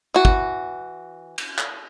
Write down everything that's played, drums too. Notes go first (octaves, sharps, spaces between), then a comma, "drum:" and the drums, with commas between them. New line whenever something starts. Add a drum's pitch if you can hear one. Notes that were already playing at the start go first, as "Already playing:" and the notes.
E3 F#4
drum: kick
drum: cymbal
drum: clap